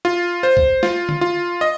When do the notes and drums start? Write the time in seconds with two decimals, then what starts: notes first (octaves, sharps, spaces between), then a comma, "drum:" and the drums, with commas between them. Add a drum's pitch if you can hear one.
0.05 F4
0.43 C5
0.57 drum: kick C2
0.83 F4, drum: snare
1.09 drum: tom
1.21 F4
1.61 D#5